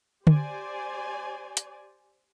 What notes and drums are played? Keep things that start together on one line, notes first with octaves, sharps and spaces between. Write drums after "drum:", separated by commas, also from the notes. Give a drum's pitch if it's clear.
G4 C5 D5 G#5, drum: tom
drum: hi-hat